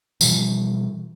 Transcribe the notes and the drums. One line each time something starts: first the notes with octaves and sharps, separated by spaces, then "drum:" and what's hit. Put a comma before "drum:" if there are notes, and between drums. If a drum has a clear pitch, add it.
B2 E3 F3 G3, drum: tambourine